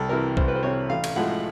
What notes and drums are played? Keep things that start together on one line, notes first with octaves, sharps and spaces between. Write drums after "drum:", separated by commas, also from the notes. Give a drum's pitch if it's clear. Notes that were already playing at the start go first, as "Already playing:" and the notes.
Already playing: C2 A4
C3 E3 A#4
C2 C5, drum: kick
B4
C5
C3 E3 C#5
A1 F5
drum: cymbal
A2 F3 G#3 F#5